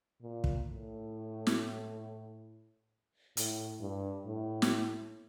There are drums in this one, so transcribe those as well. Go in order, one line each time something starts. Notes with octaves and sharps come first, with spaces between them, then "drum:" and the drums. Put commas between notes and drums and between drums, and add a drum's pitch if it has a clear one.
A#2
drum: kick
A2
drum: snare
A2, drum: hi-hat
G2
A2
drum: snare